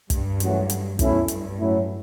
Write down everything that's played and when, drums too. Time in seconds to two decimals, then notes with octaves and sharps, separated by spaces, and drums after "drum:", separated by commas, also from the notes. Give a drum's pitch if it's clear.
0.10 G2, drum: kick, hi-hat
0.40 F#2 E3 A3 C#4 F#4, drum: hi-hat
0.70 drum: hi-hat
0.99 F#2 B2 A3 C#4 E4, drum: kick, hi-hat
1.28 G2, drum: hi-hat
1.58 A2 F#3 A3 C#4 E4